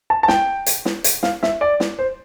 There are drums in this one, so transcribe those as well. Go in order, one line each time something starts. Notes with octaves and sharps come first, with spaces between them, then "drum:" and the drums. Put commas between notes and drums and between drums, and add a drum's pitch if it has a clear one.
A5
A5
G5, drum: snare
drum: hi-hat
drum: snare
drum: hi-hat
F5, drum: snare
E5, drum: snare
D5
drum: snare
C5